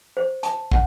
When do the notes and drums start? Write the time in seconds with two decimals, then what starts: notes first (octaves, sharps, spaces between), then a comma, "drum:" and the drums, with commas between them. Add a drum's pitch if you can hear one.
0.17 C5
0.43 A5, drum: hi-hat
0.72 F#5, drum: kick